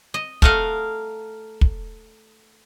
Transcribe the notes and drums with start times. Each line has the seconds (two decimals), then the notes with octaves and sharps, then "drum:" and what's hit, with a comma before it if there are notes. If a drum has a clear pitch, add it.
0.14 D#5
0.42 A3 A#4 D#5 F5 F#5, drum: kick
1.61 drum: kick